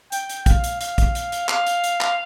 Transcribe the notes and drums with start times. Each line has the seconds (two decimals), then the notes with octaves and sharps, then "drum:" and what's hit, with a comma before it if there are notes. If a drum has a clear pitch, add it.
0.12 G5, drum: hi-hat
0.29 drum: hi-hat
0.46 F5, drum: kick A#1, hi-hat
0.64 drum: hi-hat
0.81 F5, drum: hi-hat
0.98 drum: kick A#1, hi-hat
1.15 drum: hi-hat
1.32 drum: hi-hat
1.49 F5, drum: clap
1.67 drum: hi-hat
1.84 drum: hi-hat
2.01 drum: clap